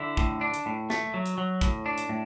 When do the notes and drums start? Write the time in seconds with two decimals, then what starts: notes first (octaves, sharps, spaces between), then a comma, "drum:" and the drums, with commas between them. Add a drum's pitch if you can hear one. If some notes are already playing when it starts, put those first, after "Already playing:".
Already playing: D3 E4
0.17 A2, drum: kick
0.41 D4
0.54 drum: hi-hat
0.66 A2
0.90 A3, drum: snare
1.14 F#3
1.26 drum: hi-hat
1.38 F#3
1.61 A2, drum: kick, hi-hat
1.86 D4
1.98 drum: hi-hat
2.09 A2